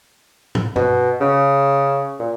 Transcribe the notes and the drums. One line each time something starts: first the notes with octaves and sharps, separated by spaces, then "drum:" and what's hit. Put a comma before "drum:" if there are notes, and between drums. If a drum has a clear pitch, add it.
drum: tom
B2, drum: tom G2
C#3
A#2